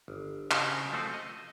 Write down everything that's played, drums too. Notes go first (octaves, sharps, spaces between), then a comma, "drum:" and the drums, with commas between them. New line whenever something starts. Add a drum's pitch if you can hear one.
G1
C#3 F#4 G4 C5, drum: clap
F3 A3 C4 F#4
D#5